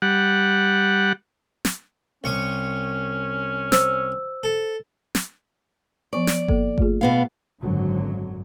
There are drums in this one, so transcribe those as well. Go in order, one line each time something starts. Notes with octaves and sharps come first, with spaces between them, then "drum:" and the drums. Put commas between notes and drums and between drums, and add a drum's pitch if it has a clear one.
G3 F#5
drum: snare
C2 C#4 C#6 D#6
C5 E6, drum: snare
A4
drum: snare
F3 B3 D5 C#6
drum: snare
A#3 A4, drum: kick G1
A3 F4 G#4, drum: kick G1
B2 B3 F5
G#1 F#2 D3 F#3